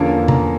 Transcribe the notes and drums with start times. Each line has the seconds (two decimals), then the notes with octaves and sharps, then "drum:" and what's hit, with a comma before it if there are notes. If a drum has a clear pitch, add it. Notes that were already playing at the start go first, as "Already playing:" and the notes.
Already playing: E2 D3 F3 A#3 C#4 A5
0.28 A#5, drum: tom C3